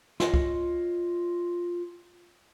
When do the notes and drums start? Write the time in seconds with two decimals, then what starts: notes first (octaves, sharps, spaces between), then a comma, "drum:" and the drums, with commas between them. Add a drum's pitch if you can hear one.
0.20 F4 C#5 D#5, drum: snare
0.34 drum: kick C2